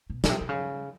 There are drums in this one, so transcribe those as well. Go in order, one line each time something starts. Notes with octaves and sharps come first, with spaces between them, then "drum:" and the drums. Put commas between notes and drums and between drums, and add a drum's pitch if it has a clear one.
B2
B2, drum: snare
C3
C3
C#3